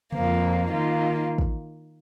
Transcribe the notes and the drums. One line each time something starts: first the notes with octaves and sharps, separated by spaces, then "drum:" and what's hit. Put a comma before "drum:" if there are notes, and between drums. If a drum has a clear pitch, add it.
F2 F3 A#3, drum: tom C#3
D#3 A#3 F4
drum: kick